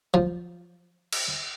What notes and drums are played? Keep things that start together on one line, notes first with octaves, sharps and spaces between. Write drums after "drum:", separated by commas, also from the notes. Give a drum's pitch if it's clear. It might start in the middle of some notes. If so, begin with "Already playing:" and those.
F3
drum: cymbal